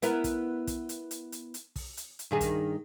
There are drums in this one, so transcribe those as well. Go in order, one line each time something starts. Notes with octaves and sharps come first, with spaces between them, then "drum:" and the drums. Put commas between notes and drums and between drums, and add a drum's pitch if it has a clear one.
B3 E4 A#4, drum: hi-hat
drum: kick, hi-hat
drum: kick, hi-hat
drum: hi-hat
drum: hi-hat
drum: hi-hat
drum: hi-hat
drum: kick, open hi-hat
drum: hi-hat
drum: hi-hat
G2 D#3 G#4
drum: kick, hi-hat